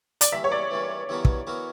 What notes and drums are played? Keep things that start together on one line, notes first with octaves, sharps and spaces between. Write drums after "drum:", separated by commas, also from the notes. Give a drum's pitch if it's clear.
D5, drum: hi-hat
G2 E3 A#3 E5
C#5
D5
G2 E3 A#3
G2 E3 B3 F#4 A#4
drum: kick
E3 B3 F#4 A#4